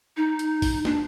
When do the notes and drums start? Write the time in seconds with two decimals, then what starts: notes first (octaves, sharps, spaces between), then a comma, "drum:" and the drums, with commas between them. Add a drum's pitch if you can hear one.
0.17 D#4
0.39 drum: hi-hat
0.62 drum: kick, open hi-hat
0.85 D4, drum: snare